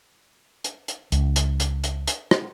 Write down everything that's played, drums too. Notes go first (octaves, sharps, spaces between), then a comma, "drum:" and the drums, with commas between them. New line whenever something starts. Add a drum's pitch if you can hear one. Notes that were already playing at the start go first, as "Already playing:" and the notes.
drum: hi-hat
drum: hi-hat
C#2, drum: hi-hat
drum: hi-hat
drum: hi-hat
drum: hi-hat
drum: hi-hat
drum: rim click